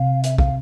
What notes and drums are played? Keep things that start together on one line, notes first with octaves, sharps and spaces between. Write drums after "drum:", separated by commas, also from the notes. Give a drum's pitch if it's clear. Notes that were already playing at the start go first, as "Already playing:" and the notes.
Already playing: C3 F5
E5, drum: hi-hat
F5, drum: kick